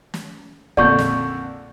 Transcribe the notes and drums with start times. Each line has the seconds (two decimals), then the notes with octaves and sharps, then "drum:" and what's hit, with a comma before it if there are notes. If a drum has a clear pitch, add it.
0.14 drum: snare
0.77 A#1 F2 D3 D5 C#6 G6, drum: kick
0.99 drum: snare